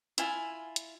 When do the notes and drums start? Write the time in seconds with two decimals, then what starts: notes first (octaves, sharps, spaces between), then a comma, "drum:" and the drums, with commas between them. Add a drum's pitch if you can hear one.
0.18 E4 F4 G#5, drum: hi-hat
0.76 drum: hi-hat